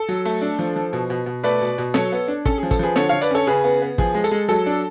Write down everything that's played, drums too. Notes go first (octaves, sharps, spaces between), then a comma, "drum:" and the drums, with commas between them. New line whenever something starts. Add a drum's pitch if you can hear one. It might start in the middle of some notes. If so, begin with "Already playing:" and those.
Already playing: A4
F#3
A3
D4
F3
F3
B2
B2
B2
A3 B4 D5
B2
B2
F#3 A4 C#5, drum: snare
B3
D4
C#4 A4, drum: kick
G#4
F3
A4, drum: kick, hi-hat
F3 G#4 B4
D3 A4 C#5, drum: snare
D3 C#5 F5
B4 D5, drum: hi-hat
C#4 A4 C#5
C#3 G#4 B4
B3
B3
F3 G#4, drum: kick
G#3
A4, drum: hi-hat
G#3
F#3 A4
D4